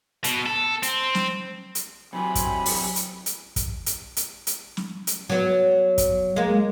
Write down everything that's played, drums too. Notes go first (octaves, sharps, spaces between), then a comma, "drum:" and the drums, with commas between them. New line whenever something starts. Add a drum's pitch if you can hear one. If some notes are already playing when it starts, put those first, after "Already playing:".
B2, drum: hi-hat
A4
C4, drum: hi-hat
drum: snare
drum: hi-hat
C3 E3 F#3 C4 G#5 B5
drum: kick, hi-hat
drum: open hi-hat
drum: hi-hat
drum: hi-hat
drum: kick, hi-hat
drum: hi-hat
drum: hi-hat
drum: hi-hat
drum: snare
drum: hi-hat
F#3 B3
drum: kick, hi-hat
G#3 A#3